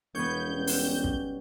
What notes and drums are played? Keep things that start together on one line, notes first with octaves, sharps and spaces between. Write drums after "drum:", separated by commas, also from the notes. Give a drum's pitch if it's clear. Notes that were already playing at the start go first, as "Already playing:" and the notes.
E1 B3 C#5 G6
B1 G3 C#4
drum: open hi-hat
drum: kick